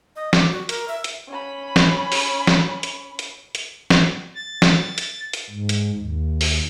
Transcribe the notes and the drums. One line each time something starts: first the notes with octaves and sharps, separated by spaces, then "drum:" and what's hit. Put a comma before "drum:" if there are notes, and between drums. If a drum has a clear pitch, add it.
D#5
D5, drum: snare
F#4
A#4, drum: hi-hat
E5
drum: hi-hat
C#4 B5
drum: snare
drum: open hi-hat
drum: snare
drum: hi-hat
drum: hi-hat
drum: hi-hat
drum: snare
A6
drum: snare
drum: hi-hat
drum: hi-hat
G#2
drum: hi-hat
D#2
drum: open hi-hat